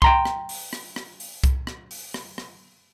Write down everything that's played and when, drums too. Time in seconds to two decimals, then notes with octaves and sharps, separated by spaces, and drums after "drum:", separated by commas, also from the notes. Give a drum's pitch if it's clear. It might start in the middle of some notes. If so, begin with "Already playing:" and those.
0.02 G5 A#5 C6, drum: kick C2
0.25 drum: rim click
0.49 drum: open hi-hat
0.73 drum: rim click
0.96 drum: rim click
1.20 drum: open hi-hat
1.44 drum: kick C2, hi-hat
1.67 drum: rim click
1.91 drum: open hi-hat
2.14 drum: rim click
2.38 drum: rim click